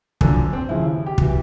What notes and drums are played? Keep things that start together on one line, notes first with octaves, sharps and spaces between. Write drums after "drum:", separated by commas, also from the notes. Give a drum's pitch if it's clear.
F#2 D3 F3, drum: kick
C4
D#2 C#3 F3 E4
G4
F#4, drum: kick
E3